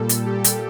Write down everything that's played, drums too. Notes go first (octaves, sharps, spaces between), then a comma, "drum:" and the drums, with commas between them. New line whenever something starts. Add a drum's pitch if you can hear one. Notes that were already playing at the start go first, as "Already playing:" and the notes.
Already playing: A#2 G3 A4
drum: hi-hat
G4
drum: hi-hat